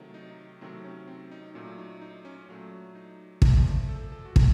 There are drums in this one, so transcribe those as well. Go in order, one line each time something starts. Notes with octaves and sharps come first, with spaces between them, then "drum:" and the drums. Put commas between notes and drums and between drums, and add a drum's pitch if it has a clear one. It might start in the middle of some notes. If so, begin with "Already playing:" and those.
Already playing: C3 D#3 F#3 A3
D#4
C3 D#3 F#3 A3 C4
C#4
C4
D#4
A#2 F#3 A3 C#4
D#4
D#4
C#4
A#2 F#3 A3
D#4
A#2 F3 A3 D#4, drum: kick
A4
A4
F#4
A#2 F3 A3, drum: kick